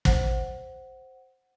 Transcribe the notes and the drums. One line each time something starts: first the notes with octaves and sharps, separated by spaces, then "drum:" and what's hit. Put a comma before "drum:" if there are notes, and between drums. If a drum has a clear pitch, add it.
C5 F#5, drum: kick